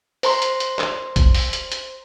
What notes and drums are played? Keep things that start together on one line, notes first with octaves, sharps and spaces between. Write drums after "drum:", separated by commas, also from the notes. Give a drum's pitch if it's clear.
C5 A#5 C6, drum: open hi-hat
drum: hi-hat
drum: hi-hat
drum: clap
drum: kick A#1, hi-hat
drum: open hi-hat
drum: hi-hat
drum: hi-hat